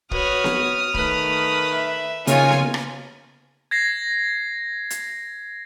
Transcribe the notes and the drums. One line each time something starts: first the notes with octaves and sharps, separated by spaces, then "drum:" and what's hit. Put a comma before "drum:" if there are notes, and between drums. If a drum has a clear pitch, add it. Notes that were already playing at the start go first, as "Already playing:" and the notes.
F#4 B4 C#5 D#6 F6, drum: kick
drum: snare B3
D#3 A3 B4, drum: kick
E5
C#3 A#3 D#4 F4 C#5 G#5, drum: hi-hat
drum: snare B3
drum: rim click
G#6 A#6 C7
drum: hi-hat